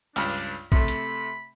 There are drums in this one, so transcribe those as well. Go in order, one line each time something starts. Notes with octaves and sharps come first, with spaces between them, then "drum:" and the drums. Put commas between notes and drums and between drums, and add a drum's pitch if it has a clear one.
C#2 G2 D4, drum: open hi-hat
C3 A3 B5, drum: kick A#1
drum: hi-hat